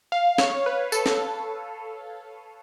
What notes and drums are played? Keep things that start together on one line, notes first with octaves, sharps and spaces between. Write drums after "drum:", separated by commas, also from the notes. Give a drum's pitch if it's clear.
F5
C#5, drum: snare
B4
A4, drum: tambourine
drum: snare